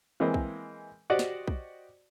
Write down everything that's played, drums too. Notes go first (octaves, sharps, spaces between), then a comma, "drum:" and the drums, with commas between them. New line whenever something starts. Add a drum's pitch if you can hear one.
E3 G#3 A#3 C4 A#4 D#5
drum: kick
F#4 G4 C5 D5 D#5 F#5
drum: snare
drum: kick